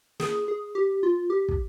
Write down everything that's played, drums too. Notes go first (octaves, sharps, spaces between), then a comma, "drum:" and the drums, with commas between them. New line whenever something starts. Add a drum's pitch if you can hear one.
G#4, drum: snare
G#4
G4
F4
G4
drum: kick